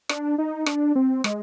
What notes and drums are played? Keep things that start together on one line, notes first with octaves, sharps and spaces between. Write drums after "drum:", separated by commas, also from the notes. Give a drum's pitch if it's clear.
D4, drum: rim click
D#4
D4, drum: rim click
C4
G#3, drum: rim click